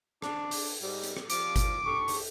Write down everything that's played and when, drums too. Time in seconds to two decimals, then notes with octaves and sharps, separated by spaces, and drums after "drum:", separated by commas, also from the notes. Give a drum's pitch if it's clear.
0.22 D4, drum: rim click
0.51 drum: open hi-hat
0.82 G#2 G3
1.04 drum: hi-hat
1.17 drum: rim click
1.30 F3 G3 D6, drum: hi-hat
1.56 drum: kick G1, hi-hat
1.85 D4 G4 A4 C#6
2.08 drum: open hi-hat